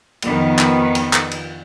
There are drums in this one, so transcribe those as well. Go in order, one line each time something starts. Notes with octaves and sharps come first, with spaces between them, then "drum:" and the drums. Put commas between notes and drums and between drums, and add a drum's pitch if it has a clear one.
F2 D#3 B3, drum: cymbal
drum: clap
drum: cymbal
drum: clap
drum: cymbal